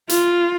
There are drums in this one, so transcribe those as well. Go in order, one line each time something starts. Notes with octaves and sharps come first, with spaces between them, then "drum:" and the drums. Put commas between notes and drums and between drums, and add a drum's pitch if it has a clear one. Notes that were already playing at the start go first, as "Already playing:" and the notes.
F4, drum: hi-hat